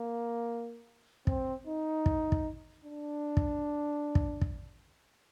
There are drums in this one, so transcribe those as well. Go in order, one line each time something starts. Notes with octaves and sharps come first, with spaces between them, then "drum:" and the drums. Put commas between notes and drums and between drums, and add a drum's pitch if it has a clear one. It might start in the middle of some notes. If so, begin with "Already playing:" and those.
Already playing: A#3
C4, drum: kick
D#4
drum: kick
drum: kick
D4
drum: kick
drum: kick
drum: kick